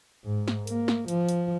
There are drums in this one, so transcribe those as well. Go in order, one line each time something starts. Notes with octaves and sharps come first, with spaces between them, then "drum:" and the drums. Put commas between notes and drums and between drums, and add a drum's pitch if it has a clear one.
G#2
drum: snare
A#3, drum: hi-hat
drum: snare
F3, drum: hi-hat
drum: hi-hat